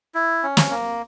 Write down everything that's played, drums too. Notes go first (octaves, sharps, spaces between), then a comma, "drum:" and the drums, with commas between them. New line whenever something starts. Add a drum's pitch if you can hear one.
E4
C#4
drum: snare
A#3